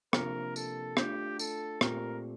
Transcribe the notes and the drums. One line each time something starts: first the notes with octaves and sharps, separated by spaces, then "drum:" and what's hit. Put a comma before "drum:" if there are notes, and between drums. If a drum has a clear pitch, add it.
C3 F3 A#3 D4 A#4, drum: rim click
A4, drum: tambourine
A3 D4 F4 G4, drum: rim click
A4, drum: tambourine
A#2 A3 C4 G4 A#4, drum: rim click